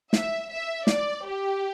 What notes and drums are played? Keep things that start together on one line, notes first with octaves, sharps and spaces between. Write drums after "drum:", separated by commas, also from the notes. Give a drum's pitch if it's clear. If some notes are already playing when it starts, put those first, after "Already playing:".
E5, drum: snare
E5
D5, drum: snare
G4